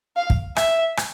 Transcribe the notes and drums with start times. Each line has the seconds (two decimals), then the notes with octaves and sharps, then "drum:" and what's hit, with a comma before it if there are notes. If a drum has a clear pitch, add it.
0.16 F5
0.30 drum: kick
0.56 E5, drum: rim click
0.97 drum: rim click